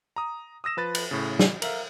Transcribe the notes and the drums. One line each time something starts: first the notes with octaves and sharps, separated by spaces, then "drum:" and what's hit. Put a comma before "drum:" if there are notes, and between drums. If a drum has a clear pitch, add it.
A#5 D#6
D#6 E6 A#6 E7
F3 B4 A6
drum: cymbal
A2 C#3
drum: snare
A#4 E5 F5, drum: cymbal